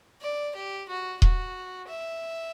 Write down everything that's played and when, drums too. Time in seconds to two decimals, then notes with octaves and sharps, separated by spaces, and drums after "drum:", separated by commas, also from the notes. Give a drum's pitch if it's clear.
0.22 D5
0.55 G4
0.89 F#4
1.22 F#4, drum: kick D#1
1.88 E5